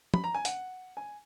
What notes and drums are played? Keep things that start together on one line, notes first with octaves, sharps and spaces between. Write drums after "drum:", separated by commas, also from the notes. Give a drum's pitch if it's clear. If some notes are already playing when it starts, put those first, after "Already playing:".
B5, drum: tom
A#5
G#5
F#5, drum: hi-hat
G#5